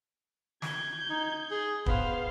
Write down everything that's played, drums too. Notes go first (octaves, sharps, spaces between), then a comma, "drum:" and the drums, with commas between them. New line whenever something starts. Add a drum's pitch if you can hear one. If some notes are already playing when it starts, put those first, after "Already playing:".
G6 G#6, drum: snare
D#4
G#4
B3 C5 F5, drum: kick